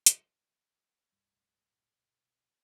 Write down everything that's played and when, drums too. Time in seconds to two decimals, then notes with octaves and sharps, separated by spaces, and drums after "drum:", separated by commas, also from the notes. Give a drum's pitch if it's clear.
0.06 drum: hi-hat
1.12 C2 G2 G3
1.33 A#1 E2 A3
1.71 A#2 D#3 E3
1.92 B2